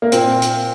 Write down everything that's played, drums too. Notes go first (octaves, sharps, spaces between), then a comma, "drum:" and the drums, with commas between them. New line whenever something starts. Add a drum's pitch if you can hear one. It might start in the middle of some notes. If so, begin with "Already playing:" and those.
A#3
A#2 C4, drum: hi-hat
drum: hi-hat